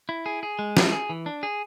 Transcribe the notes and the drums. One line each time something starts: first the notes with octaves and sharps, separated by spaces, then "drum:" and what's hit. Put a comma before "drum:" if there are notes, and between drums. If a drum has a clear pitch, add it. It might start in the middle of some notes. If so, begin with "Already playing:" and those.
E4
G#4
G#4
G#3
E3, drum: snare
G#4
E3
D4
G#4